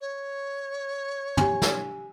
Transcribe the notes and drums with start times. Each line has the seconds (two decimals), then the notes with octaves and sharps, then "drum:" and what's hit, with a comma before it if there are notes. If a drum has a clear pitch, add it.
0.01 C#5
1.37 G4 G#5, drum: tom
1.62 drum: snare